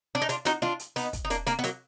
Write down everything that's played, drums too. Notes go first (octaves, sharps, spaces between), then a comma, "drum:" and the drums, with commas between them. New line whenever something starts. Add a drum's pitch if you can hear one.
D4
D#4
D4 F4, drum: hi-hat
D#4 F#4, drum: hi-hat
D4 F4, drum: snare
drum: hi-hat
B3 D#4, drum: open hi-hat
drum: kick, hi-hat
D#4
A#3 D4, drum: hi-hat
A#3 D4, drum: hi-hat
B3
F#3 A#3, drum: hi-hat